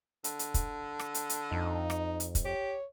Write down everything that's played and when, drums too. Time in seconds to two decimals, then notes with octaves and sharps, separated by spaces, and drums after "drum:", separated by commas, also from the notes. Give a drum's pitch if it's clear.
0.24 D3, drum: hi-hat
0.39 drum: hi-hat
0.54 drum: kick, hi-hat
0.99 drum: rim click
1.14 drum: hi-hat
1.30 drum: hi-hat
1.52 F2 D#4
1.90 drum: rim click
2.20 drum: hi-hat
2.35 drum: kick, hi-hat
2.45 G4 C#5